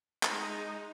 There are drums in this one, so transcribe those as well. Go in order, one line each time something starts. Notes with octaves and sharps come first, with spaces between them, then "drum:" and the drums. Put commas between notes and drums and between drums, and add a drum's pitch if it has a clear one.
G#3 D#4, drum: clap